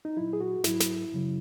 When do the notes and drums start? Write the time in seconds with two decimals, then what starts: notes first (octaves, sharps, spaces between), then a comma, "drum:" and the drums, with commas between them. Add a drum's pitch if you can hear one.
0.05 D#4
0.17 A#2 F#3 E4
0.33 G#4
0.41 F#4
0.64 G#2 F#3 E4, drum: snare
0.80 drum: snare
1.12 F#2 C#3 F#3